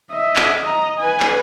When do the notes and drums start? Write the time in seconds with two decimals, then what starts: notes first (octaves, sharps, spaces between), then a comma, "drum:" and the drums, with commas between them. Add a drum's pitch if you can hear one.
0.11 D#5 E5
0.36 drum: clap
0.64 D#5 A#5
0.98 B4 G#5
1.20 drum: clap